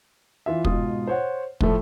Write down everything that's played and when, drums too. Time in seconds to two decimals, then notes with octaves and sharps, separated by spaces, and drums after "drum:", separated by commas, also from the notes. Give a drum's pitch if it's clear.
0.46 E3 F4 E5
0.65 G#2 B2 F4 D#6, drum: kick
1.07 C5 C#5 F#5
1.61 A2 F3 A3, drum: kick